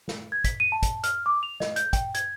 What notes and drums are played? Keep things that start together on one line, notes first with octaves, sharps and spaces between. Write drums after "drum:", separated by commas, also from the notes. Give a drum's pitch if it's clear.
drum: snare
G#6
B6, drum: kick, hi-hat
D#7
A5
drum: kick, hi-hat
F6, drum: hi-hat
D6
F7
D#5, drum: snare
G6, drum: hi-hat
G5, drum: kick, hi-hat
G#6, drum: hi-hat